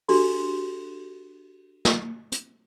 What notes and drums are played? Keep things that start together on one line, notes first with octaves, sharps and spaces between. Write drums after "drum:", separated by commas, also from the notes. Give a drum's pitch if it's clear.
D4 F#4 G4 A4 C6, drum: open hi-hat
drum: snare
drum: hi-hat